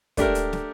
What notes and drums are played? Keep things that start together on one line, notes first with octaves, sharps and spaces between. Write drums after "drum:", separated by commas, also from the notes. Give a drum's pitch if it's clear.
A3 D4 G4 A#4, drum: kick, hi-hat
drum: hi-hat
drum: snare